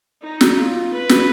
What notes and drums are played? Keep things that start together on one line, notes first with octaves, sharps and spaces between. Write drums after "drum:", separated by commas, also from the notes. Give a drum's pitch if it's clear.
D#4
drum: snare
F4
B4
drum: snare